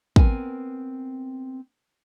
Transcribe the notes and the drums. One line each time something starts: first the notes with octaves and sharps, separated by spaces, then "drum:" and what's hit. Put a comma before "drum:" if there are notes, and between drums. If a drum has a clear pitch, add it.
B3 C4 A#4 G#5, drum: kick